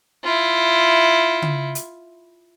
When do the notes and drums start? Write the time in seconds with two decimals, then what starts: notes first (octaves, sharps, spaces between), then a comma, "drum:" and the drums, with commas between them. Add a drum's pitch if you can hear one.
0.24 E4 F4
1.42 drum: tom C#3
1.75 drum: hi-hat